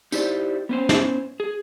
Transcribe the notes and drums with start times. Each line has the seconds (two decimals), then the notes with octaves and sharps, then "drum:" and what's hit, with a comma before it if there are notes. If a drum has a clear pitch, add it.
0.12 D#4 E4 G4 C5 D5, drum: tambourine
0.69 B3 C#4 C5
0.89 drum: snare
1.40 G#4